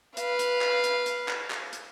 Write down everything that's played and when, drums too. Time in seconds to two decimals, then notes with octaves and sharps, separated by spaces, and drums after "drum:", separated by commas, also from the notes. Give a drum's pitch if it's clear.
0.17 B4 F5, drum: hi-hat
0.39 drum: hi-hat
0.61 drum: clap
0.84 drum: hi-hat
1.06 drum: hi-hat
1.28 drum: clap
1.51 drum: clap
1.73 drum: hi-hat